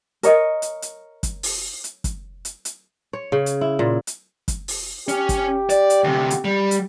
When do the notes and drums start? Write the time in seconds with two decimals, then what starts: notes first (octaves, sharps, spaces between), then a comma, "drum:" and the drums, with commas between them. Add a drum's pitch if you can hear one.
0.23 A#4 C#5 D#5, drum: hi-hat
0.62 drum: hi-hat
0.82 drum: hi-hat
1.23 drum: kick, hi-hat
1.43 drum: open hi-hat
1.84 drum: hi-hat
2.04 drum: kick, hi-hat
2.45 drum: hi-hat
2.65 drum: hi-hat
3.13 C#5
3.32 C#3
3.46 drum: hi-hat
3.61 E4
3.79 A#2
4.07 drum: hi-hat
4.48 drum: kick, hi-hat
4.68 drum: open hi-hat
5.08 C#4 G4, drum: hi-hat
5.29 drum: kick, hi-hat
5.70 D5, drum: hi-hat
5.90 drum: hi-hat
6.04 D2 C3
6.30 drum: hi-hat
6.45 G3
6.71 drum: hi-hat